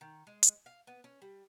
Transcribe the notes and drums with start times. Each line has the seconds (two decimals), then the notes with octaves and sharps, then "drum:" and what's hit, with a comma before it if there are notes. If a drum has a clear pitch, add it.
0.01 D#3
0.27 G#3
0.43 drum: hi-hat
0.66 F5
0.87 B3
1.04 C#4
1.22 G3